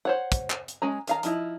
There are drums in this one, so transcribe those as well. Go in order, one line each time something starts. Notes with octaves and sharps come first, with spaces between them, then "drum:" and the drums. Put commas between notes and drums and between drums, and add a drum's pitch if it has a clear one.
C5 C#5 F#5
drum: kick, hi-hat
drum: clap
drum: hi-hat
G#3 C#4 A#5
D#3 F5 A#5, drum: hi-hat
F3 D#4 E4, drum: hi-hat